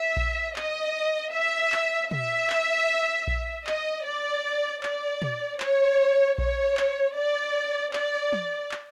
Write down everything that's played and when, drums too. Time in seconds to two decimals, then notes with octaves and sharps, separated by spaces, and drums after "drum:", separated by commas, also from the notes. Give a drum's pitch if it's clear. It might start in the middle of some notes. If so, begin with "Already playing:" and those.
Already playing: E5
0.17 drum: kick A#1
0.56 D#5, drum: clap
1.33 E5
1.72 drum: clap
2.11 E5, drum: tom
2.50 drum: clap
3.27 drum: kick A#1
3.67 D#5, drum: clap
4.05 D5
4.83 D5, drum: clap
5.22 drum: tom
5.60 C#5, drum: clap
6.38 C#5, drum: kick A#1
6.77 drum: clap
7.16 D5
7.93 D5, drum: clap
8.33 drum: tom
8.71 drum: clap